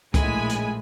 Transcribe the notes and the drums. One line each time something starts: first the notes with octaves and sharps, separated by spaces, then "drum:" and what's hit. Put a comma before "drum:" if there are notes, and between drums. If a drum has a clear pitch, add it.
A#1 A2 G#3 G#5 B5, drum: kick C#2, hi-hat
drum: hi-hat